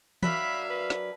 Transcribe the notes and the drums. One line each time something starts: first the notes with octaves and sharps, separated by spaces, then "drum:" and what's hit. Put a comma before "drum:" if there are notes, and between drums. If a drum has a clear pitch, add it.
F#3 D4 A#4 E5 F5 B5, drum: tom E3
B4
drum: snare